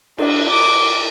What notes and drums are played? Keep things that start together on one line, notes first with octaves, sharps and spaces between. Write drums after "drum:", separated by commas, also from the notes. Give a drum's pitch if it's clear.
D4, drum: cymbal
D6